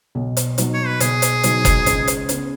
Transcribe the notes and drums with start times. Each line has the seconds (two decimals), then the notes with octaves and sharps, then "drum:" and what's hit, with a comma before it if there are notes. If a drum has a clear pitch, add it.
0.15 B1
0.37 drum: hi-hat
0.58 B2 F#3 D#4, drum: hi-hat
0.74 C#5
0.87 B4
1.00 B1 G#4, drum: hi-hat
1.22 drum: hi-hat
1.43 B2 F#3 D#4, drum: hi-hat
1.65 drum: kick F#1, hi-hat
1.86 C#2, drum: hi-hat
2.08 drum: hi-hat
2.29 C#3 B3, drum: hi-hat